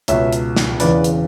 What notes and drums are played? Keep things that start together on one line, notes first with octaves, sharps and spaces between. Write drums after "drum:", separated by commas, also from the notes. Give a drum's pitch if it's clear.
C#2 B2 C#5 E5, drum: hi-hat
drum: hi-hat
drum: snare
E1 E2 C#3 E3 B4 D5, drum: hi-hat
drum: hi-hat